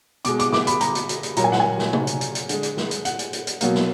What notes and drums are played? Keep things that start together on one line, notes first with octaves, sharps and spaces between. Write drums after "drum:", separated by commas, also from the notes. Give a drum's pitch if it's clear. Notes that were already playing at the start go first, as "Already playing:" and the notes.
B2 G#3 D6, drum: hi-hat
D6, drum: hi-hat
D6, drum: snare
B5, drum: hi-hat
A#5, drum: hi-hat
drum: hi-hat
drum: hi-hat
drum: hi-hat
A#2 F#3 A#3 A#5, drum: hi-hat
G#5
F#5, drum: snare
G#5
drum: snare
drum: tom
drum: hi-hat
drum: hi-hat
drum: hi-hat
D3 G#3, drum: hi-hat
drum: hi-hat
drum: snare
drum: hi-hat
F#5, drum: hi-hat
drum: hi-hat
drum: hi-hat
drum: hi-hat
B2 F#3 A#3, drum: hi-hat
drum: snare